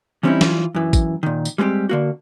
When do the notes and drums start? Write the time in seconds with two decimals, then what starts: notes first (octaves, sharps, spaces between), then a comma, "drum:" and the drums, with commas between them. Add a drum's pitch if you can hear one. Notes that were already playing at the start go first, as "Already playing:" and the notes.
0.23 E3 G3 C4 C#4 D#4 E4
0.41 E3 F4, drum: snare
0.75 F#2 E3
0.93 drum: kick, tambourine
1.23 A#2 D#3
1.45 drum: tambourine
1.58 G3 G#3 B3 C4 G4
1.89 D3 A#3 F#4